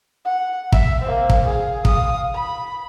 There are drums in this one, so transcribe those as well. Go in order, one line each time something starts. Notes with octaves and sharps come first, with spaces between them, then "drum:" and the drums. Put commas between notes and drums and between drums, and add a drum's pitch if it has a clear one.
F#5
E5, drum: kick
A#3 C4
drum: kick
G#4 F5
F5 D#6, drum: kick
B5